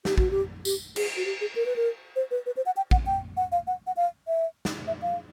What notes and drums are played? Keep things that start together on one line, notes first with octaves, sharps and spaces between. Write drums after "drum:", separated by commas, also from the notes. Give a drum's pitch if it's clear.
G4, drum: snare
F#4, drum: kick
G4
G4, drum: tambourine
G#4, drum: cymbal
F#4
G4
G#4
A#4
B4
A#4
C5
B4
B4
C5
F#5
G5
F#5, drum: kick
G5
F#5
F5
F#5
F#5
F5
E5
drum: snare
E5
F5